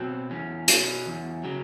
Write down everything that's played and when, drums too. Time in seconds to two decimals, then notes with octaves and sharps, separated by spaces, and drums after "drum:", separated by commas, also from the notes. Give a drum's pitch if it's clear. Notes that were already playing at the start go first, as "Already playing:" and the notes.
Already playing: B2 F#3 C4
0.30 E2 C#4
0.68 B2 F#3 C#4, drum: hi-hat
1.06 E2
1.44 C#3 F#3